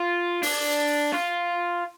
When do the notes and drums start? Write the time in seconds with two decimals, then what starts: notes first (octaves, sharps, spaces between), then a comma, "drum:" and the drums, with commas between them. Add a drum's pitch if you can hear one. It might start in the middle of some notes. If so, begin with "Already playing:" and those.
Already playing: F4
0.43 D4, drum: open hi-hat
1.12 F4